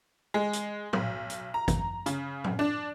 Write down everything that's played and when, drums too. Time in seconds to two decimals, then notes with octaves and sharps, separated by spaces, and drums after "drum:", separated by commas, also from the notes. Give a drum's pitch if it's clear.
0.34 G#3
0.53 drum: hi-hat
0.93 B1, drum: tom
1.30 drum: hi-hat
1.54 A#5
1.68 drum: kick, hi-hat
2.06 C#3, drum: hi-hat
2.44 drum: tom
2.59 D4